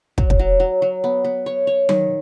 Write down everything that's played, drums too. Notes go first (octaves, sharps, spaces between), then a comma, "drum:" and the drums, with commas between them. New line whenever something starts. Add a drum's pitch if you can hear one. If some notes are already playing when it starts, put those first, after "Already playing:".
F#3, drum: kick
drum: kick
F#3
F#3
F#3
B3
B3
C#5
C#5
D#3, drum: tom F#3